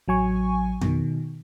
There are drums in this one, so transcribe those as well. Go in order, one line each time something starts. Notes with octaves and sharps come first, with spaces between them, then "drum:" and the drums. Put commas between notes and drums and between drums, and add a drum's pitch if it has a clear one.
A1 F#3 G#5 C#6
B2 D#3, drum: tom F2